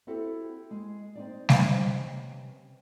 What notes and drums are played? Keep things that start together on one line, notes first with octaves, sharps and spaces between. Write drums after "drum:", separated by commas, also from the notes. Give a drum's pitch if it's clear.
C4 E4 F#4 G4 A4
G#3
C4 D#4 D5
C3 C#4 B4 C5 D#5, drum: snare G3